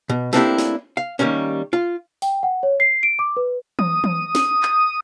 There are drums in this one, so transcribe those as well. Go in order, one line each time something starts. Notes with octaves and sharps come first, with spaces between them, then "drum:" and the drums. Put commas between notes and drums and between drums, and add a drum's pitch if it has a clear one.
B2
A3 A#3 C4 D4 E4 G4, drum: snare
drum: snare
F5
D#3 E3 G3 A#3 C#4
F4
G5, drum: open hi-hat
F#5
C#5
C7
D7
D6
B4
D#6, drum: tom E3
drum: tom E3
drum: snare
drum: clap